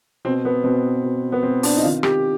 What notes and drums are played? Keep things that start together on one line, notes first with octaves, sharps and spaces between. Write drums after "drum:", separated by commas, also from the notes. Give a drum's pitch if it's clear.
B2 C4
B3
B2 C4
B2
B3
B2 C4
D4, drum: open hi-hat
D#4
C3 D#3 F4
G4, drum: rim click